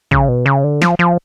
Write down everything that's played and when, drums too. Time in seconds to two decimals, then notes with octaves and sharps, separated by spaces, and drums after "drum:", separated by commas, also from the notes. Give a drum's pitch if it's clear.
0.11 C#3, drum: kick
0.29 B2
0.46 C#3
0.64 D3
0.82 F3, drum: snare
0.99 F3